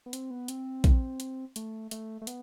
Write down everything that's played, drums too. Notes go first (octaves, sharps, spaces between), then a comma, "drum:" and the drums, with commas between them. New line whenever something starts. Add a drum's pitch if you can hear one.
B3
C4, drum: hi-hat
B3
C4, drum: hi-hat
drum: kick A#1, hi-hat
drum: hi-hat
A3, drum: hi-hat
A3, drum: hi-hat
A3
B3, drum: hi-hat